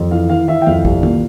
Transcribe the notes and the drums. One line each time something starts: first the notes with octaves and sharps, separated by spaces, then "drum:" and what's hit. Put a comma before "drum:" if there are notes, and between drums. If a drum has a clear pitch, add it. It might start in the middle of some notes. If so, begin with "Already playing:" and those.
Already playing: F2
E3 F5
E3 F5
E3 E5
G5
F2 F5
C2, drum: kick
A#2, drum: tom